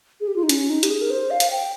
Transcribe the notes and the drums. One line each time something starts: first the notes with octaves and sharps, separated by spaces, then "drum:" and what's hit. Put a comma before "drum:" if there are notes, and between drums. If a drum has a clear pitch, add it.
G#4
G4
F4
D#4
C#4, drum: hi-hat
D#4
G4, drum: hi-hat
G#4
A#4
C5
F5
drum: hi-hat
G5